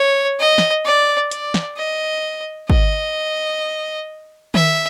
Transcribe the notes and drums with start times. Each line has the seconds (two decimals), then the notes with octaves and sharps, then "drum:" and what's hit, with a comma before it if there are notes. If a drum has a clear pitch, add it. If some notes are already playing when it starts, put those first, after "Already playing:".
Already playing: C#5
0.39 D#5
0.58 drum: snare
0.85 D5
1.31 D5, drum: hi-hat
1.54 drum: snare
1.77 D#5
2.70 D#5, drum: kick
4.54 E5, drum: tom D#3